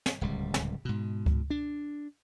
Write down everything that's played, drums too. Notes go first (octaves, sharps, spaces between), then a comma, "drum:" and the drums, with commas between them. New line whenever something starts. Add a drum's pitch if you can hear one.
drum: snare
D1 C#2 G3
drum: snare
G#2 B2
drum: kick C#2
D4